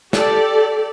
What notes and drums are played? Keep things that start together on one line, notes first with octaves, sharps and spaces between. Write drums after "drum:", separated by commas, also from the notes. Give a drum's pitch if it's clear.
G4 A4 D5, drum: snare